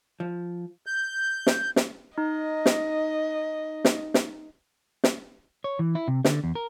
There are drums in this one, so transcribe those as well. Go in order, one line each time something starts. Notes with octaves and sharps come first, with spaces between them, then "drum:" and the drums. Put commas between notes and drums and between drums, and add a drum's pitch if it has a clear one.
F3
G6
drum: snare
drum: snare
D#4 D#5
drum: snare
drum: snare
drum: snare
drum: snare
C#5
E3
E4
C3
D3, drum: snare
E2
A#4